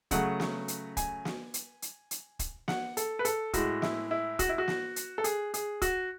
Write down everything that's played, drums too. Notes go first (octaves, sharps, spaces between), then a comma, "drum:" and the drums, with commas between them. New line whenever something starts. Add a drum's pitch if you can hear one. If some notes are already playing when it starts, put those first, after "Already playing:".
C#3 F#3 A3 F#5, drum: kick, hi-hat
drum: snare
drum: hi-hat
G#5, drum: kick, hi-hat
drum: snare
drum: hi-hat
drum: hi-hat
drum: hi-hat
drum: kick, hi-hat
F#5, drum: snare
A4, drum: hi-hat
B4
A4, drum: hi-hat
A2 G#3 F#4, drum: kick, hi-hat
E4, drum: snare
E4
F#4, drum: kick, hi-hat
E4
F#4
drum: snare
drum: hi-hat
A4
G#4, drum: hi-hat
G#4, drum: hi-hat
F#4, drum: kick, hi-hat